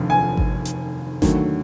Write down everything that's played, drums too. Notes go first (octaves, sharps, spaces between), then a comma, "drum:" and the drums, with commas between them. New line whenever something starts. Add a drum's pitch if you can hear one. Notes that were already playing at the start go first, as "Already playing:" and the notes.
Already playing: F1 D#2 D3 F3
G#5
drum: kick G#1
drum: hi-hat
D#2 D3 F#3 A3, drum: snare G#1